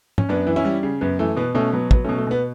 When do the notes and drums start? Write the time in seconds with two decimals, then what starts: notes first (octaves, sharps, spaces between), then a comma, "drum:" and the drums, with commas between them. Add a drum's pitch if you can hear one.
0.18 C#4, drum: tom
0.29 F#2 B3 D4
0.47 E3
0.56 C#4 E4
0.65 G3
0.83 C#3
1.01 F#2 B3
1.19 E3 A3
1.36 B2 B3
1.55 B2 A3 C#4
1.72 F#3 B3
1.91 F#3 B3, drum: kick
2.04 B2 A3 C#4
2.18 A3
2.27 B2 B3